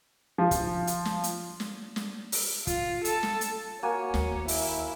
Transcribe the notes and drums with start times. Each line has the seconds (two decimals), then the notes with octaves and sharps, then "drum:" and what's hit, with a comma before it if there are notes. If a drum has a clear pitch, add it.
0.38 F3
0.51 drum: kick, hi-hat
0.87 drum: hi-hat
1.05 drum: snare
1.24 drum: hi-hat
1.60 drum: snare
1.96 drum: snare
2.32 drum: open hi-hat
2.67 F4, drum: kick, hi-hat
3.05 A4 A5, drum: hi-hat
3.23 drum: snare
3.41 drum: hi-hat
3.83 A#3 F#4 C#5 G#5
4.14 D#2, drum: snare
4.48 E4, drum: open hi-hat